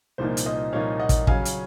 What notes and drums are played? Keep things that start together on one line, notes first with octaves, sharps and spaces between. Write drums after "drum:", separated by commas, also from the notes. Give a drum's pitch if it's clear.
C2 A#2 F3 A#3 D#4 C5
drum: hi-hat
C5 D#5
C2 A#2 F3 A#3 D#4 C#5 F5
D#5 F#5
drum: kick, hi-hat
C#3 F#3 C#4 F5 G#5, drum: kick
drum: hi-hat